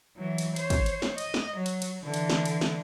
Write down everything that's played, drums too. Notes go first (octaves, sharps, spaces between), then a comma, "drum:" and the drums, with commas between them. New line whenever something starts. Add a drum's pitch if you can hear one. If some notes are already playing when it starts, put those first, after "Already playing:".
E3 F#3
drum: cymbal
C5 C#5, drum: cymbal
drum: kick, cymbal
drum: cymbal
drum: snare
D#5, drum: cymbal
drum: snare
F#3
drum: cymbal
drum: cymbal
D3 E3
drum: cymbal
drum: snare
drum: cymbal
drum: snare